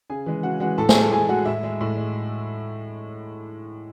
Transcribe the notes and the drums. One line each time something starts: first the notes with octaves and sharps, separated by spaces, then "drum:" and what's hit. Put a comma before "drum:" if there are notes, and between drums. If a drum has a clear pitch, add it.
C#3 G#4 G#5
E3 G#3
C#3 F#4 F#5
E3 G#3 F#4 F#5
A2 A4 A5
G#4 G#5, drum: snare
G#3
A4 A5
A2 G#4 G#5
G#3 F#4 F#5
A2 E4 E5
G#3
A2
G#3